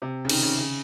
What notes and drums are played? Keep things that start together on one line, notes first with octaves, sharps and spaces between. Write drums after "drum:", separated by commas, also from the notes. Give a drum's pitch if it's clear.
C3
C#3
D#3, drum: cymbal
C#3
C#3